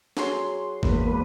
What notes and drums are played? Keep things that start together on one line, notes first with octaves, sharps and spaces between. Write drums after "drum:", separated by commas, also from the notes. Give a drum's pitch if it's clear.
F#3 G#4 C6, drum: snare
E2 G#3 A#3 B4, drum: kick G#1